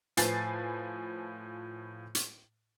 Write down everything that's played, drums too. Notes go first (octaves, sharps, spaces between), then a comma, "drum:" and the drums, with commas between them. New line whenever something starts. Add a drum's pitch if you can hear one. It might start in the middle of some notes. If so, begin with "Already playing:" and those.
A2 F3 B4 G#5 A6 C7, drum: hi-hat
drum: hi-hat